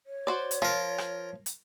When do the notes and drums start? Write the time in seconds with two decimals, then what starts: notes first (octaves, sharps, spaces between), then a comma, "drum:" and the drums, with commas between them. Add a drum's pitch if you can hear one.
0.07 C#5
0.27 F#4 C5 D5
0.51 drum: hi-hat
0.62 F3 F4 A#4
0.98 drum: rim click
1.46 drum: hi-hat